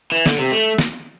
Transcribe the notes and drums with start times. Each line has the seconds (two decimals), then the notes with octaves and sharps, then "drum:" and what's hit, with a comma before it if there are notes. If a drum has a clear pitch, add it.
0.12 E3
0.26 D3, drum: snare
0.38 C3
0.52 A3
0.79 drum: snare